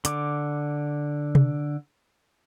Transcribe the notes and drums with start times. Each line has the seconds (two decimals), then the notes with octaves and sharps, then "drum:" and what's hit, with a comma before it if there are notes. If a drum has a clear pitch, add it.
0.05 D3 D6, drum: hi-hat
1.35 drum: tom